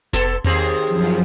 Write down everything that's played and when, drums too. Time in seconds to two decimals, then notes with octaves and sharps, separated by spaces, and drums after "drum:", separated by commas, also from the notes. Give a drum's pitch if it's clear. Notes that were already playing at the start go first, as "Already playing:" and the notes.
0.13 B3 A4, drum: snare F1
0.44 D#2 C4 G#4, drum: tom E2
0.76 drum: hi-hat
0.87 F#2 F3
1.08 drum: hi-hat